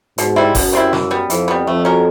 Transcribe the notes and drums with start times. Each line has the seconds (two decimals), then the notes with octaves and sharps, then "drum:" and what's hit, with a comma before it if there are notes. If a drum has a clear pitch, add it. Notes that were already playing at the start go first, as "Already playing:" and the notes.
0.18 G#2 B2, drum: hi-hat
0.36 G3 C4 E4
0.55 F#2 B2, drum: kick F#1, open hi-hat
0.73 G3 C4 E4
0.93 E3, drum: snare
1.11 G3 B3
1.30 F2 E3, drum: hi-hat
1.48 G3 B3
1.67 F2 A3
1.85 C#4 F#4 A#4